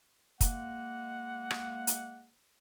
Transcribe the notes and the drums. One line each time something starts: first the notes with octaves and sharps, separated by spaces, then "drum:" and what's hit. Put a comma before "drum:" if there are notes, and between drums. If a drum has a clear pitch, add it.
G#3 A#3 F#5, drum: kick, hi-hat
drum: rim click
drum: hi-hat